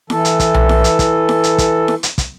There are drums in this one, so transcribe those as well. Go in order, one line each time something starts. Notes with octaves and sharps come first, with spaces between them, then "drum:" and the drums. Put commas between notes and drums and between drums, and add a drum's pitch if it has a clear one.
E3 A4, drum: snare E4
drum: hi-hat
drum: kick, hi-hat
drum: tom B1
drum: snare E4
drum: hi-hat
drum: kick, hi-hat
drum: snare E4
drum: hi-hat
drum: kick, hi-hat
drum: snare E4
drum: hi-hat
drum: kick, hi-hat